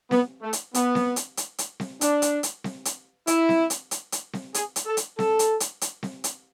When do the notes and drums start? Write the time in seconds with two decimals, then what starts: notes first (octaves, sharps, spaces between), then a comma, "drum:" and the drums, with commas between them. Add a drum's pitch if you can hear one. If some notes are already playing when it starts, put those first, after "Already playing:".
0.11 B3, drum: snare C4
0.42 A3
0.53 drum: hi-hat
0.74 B3, drum: hi-hat
0.95 drum: snare C4
1.16 drum: hi-hat
1.37 drum: hi-hat
1.58 drum: hi-hat
1.80 drum: snare C4
2.01 D4, drum: hi-hat
2.22 drum: hi-hat
2.43 drum: hi-hat
2.64 drum: snare C4
2.85 drum: hi-hat
3.27 E4, drum: hi-hat
3.49 drum: snare C4
3.70 drum: hi-hat
3.91 drum: hi-hat
4.12 drum: hi-hat
4.33 drum: snare C4
4.54 G#4, drum: hi-hat
4.76 drum: hi-hat
4.86 A4
4.97 drum: hi-hat
5.19 A4, drum: snare C4
5.39 drum: hi-hat
5.60 drum: hi-hat
5.81 drum: hi-hat
6.03 drum: snare C4
6.24 drum: hi-hat